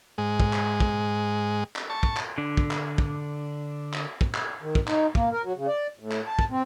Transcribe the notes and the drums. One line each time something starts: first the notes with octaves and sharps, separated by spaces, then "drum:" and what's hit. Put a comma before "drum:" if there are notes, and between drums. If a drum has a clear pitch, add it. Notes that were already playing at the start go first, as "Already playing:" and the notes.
G#2 G#3
drum: kick
drum: clap
drum: kick
drum: clap
A5 C#6
drum: kick
drum: clap
D3 D4
drum: kick
drum: clap
drum: kick
drum: clap
drum: kick
drum: clap
D#3
drum: kick
D#4, drum: clap
A#3, drum: kick
A#4
F#3
C#3
D5
A2
drum: clap
A5
drum: kick
C4